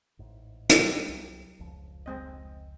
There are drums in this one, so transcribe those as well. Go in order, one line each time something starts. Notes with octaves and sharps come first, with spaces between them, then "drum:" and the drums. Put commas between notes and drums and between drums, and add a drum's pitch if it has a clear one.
A1 G#2
drum: hi-hat
G3 C4
C2 F#3
F1 C#2 F3
G#3 C4 D#5